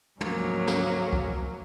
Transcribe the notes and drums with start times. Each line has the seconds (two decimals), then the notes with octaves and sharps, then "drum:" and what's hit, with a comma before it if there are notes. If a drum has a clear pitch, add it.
0.21 D2 G#2 F3 F#3 A#3 C#4, drum: tom
0.67 drum: snare
1.13 drum: kick C2